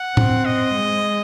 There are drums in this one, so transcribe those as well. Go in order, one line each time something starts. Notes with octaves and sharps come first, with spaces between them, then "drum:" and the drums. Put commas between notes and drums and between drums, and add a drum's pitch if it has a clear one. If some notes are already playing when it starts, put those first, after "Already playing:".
Already playing: F#5
C4, drum: tom A2
D#5
G#3